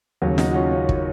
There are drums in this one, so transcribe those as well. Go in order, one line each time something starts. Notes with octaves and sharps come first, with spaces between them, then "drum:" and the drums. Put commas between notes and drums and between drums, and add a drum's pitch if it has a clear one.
D#2 C#3 F#3
D#4 F#4, drum: snare
F#4
C#4 F4
C#4
drum: kick